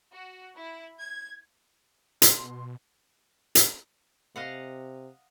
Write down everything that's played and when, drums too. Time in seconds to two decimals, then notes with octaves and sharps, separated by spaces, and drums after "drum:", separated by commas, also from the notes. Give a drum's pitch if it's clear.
0.13 F#4
0.56 E4
1.00 G#6
2.22 B2 C6, drum: hi-hat
3.55 drum: hi-hat
4.36 C3 D#5 F5 F#5